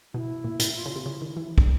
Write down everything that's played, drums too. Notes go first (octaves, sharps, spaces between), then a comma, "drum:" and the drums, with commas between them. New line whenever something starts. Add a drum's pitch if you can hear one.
B2 E4
A#2
A#2, drum: hi-hat
F4
C#3 F4
C3
C#3 E4
D#3
E3
D4, drum: kick